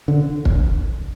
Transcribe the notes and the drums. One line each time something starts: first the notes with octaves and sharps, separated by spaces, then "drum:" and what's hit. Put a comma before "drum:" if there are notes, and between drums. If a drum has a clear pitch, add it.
D3
drum: kick